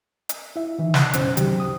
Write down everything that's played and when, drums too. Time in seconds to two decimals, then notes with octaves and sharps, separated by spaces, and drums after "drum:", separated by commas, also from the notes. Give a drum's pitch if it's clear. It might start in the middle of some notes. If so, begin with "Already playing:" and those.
0.29 drum: hi-hat
0.56 E4 E5
0.79 D#3 E3 D#4
0.94 F#6, drum: snare
1.13 F#2 B2 C#4 C5, drum: hi-hat
1.37 C#2 C3 D#3 F#3 G4 G5, drum: hi-hat
1.60 D#6